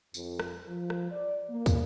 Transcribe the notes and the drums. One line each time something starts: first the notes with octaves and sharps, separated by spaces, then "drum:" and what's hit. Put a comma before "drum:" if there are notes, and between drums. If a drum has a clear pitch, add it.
F2, drum: tambourine
drum: rim click
F3
drum: rim click
D5
A#3
drum: kick, tambourine